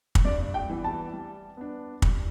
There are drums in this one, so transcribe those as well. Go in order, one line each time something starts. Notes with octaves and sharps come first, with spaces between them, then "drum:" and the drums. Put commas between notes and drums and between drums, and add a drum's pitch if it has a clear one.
drum: kick
G2 D5
G5
E3 G3 B3 E4
A5
G3
B3 D4
G3, drum: kick